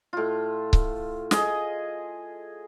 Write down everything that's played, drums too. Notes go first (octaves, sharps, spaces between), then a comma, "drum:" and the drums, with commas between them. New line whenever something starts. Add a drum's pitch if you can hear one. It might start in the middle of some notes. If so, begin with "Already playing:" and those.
A2 F4
drum: kick C#1
G#4 D#5, drum: snare